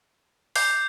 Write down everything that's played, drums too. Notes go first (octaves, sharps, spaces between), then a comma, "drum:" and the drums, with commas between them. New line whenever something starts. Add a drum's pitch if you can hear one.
D6 G6 C7 F7, drum: open hi-hat